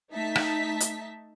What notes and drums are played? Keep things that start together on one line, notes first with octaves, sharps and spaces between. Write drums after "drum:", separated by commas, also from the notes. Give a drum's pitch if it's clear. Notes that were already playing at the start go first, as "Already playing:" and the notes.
A3 D#4 E5 A5 B6
drum: rim click
drum: hi-hat